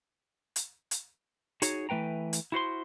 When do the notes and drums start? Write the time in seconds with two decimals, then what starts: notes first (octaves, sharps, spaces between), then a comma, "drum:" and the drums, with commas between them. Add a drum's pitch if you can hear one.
0.56 drum: hi-hat
0.91 drum: hi-hat
1.62 D#4 F#4 G#4 C#5, drum: hi-hat
1.89 E3 A3 B4 G5 A#5
2.33 drum: hi-hat
2.52 E4 F#4 C5 C6